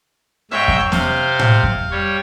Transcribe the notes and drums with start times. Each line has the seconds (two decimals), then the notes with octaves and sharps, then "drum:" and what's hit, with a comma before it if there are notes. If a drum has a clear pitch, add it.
0.51 G#2 C#5 E5 G5
0.68 drum: kick F2
0.92 C3 C5 F5, drum: snare B3
1.39 drum: tom A2
1.63 drum: kick F2
1.91 G3 C#5